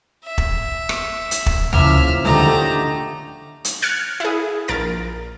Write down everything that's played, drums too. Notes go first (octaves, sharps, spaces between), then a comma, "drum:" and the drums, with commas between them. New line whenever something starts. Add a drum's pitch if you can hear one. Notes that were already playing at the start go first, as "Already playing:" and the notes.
E5
drum: kick
drum: rim click
drum: hi-hat
drum: kick
C#3 F3 A#3 E5 F6, drum: tom D2
D3 A3 D#4 G4 D#5 A#5, drum: snare
drum: hi-hat
F6 F#6 G#6 A6 C#7
E4 G#4
A#1 A#4 A6 D7